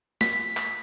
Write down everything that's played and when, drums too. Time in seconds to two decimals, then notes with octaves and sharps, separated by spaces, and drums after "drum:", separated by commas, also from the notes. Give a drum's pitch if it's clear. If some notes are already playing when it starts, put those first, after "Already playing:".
0.21 B6, drum: snare
0.57 drum: clap